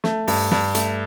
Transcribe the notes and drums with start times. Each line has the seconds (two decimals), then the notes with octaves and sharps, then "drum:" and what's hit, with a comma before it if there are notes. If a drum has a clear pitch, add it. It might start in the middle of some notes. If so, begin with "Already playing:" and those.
0.04 A3, drum: snare
0.28 G2, drum: open hi-hat
0.51 G2, drum: snare
0.75 A3, drum: hi-hat